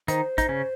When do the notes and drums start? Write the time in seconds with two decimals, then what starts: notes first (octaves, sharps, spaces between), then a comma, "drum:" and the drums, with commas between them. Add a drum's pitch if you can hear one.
0.08 D#3 D#4 C5, drum: hi-hat
0.38 D#4, drum: kick, hi-hat
0.49 C#3 C#4